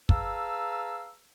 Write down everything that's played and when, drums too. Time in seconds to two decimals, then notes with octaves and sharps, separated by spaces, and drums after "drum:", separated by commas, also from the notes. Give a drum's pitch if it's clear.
0.09 G#4 B4 F5 A5 A#5 E6, drum: kick